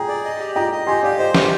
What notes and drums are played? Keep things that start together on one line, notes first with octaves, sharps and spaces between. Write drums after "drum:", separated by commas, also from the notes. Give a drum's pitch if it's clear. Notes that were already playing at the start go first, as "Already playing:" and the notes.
Already playing: G#4 G5 A#5
D5
D#5
G4
D#5 G5 A#5
D#5
G4 G#5 C6
G4 D5 F5
C5 D#5
G4, drum: snare